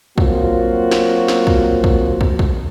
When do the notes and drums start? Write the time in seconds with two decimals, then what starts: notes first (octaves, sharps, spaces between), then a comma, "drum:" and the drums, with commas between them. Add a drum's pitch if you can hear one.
0.18 F#3 A#3 C4 F4 F#4, drum: kick
0.91 drum: snare
1.28 drum: snare
1.47 drum: kick
1.84 drum: kick
2.21 drum: kick
2.39 drum: kick